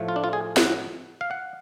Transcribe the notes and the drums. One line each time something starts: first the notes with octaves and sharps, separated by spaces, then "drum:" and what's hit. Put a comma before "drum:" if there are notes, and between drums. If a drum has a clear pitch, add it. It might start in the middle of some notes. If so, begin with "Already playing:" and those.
Already playing: A2 F3 A3
F4
D4
F4
G#4
F#5, drum: snare
F5
F#5